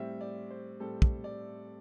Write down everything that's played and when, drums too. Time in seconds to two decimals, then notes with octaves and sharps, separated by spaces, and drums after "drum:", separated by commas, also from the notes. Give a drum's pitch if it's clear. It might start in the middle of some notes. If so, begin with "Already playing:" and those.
Already playing: A2 G3 C4 E5
0.21 D5
0.51 C5
0.80 A2 G3 C4 A4
1.02 drum: kick
1.24 D5